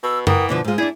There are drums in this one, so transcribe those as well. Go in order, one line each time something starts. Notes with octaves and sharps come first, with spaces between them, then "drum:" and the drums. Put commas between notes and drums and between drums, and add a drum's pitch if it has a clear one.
B2 E6
E3 A#4 F#5 G5 D#6, drum: tom F#2
B2 D3 F3 D6
G#2 G#3 F4
D4 E4 G#4 D5